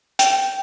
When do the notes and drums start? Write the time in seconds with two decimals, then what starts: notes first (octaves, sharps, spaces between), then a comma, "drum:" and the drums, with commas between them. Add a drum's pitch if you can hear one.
0.19 G5, drum: hi-hat